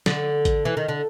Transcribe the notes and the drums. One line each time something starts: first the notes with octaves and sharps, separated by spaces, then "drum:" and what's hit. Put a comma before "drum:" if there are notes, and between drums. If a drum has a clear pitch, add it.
D3, drum: snare
drum: kick A1, hi-hat
E3
D#3
D3